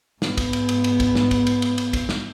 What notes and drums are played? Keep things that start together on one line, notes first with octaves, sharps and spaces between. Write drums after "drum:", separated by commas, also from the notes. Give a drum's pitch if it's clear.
G#2 B3, drum: snare
drum: kick, cymbal
drum: cymbal
drum: cymbal
drum: cymbal
drum: kick, cymbal
drum: snare
drum: kick, cymbal
drum: cymbal
drum: cymbal
drum: cymbal
drum: kick, cymbal
drum: snare